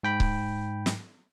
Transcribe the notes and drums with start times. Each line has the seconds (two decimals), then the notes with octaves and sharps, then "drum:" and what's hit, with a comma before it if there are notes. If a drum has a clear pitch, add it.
0.03 G#2 G5 B5
0.20 drum: kick C#1
0.86 drum: snare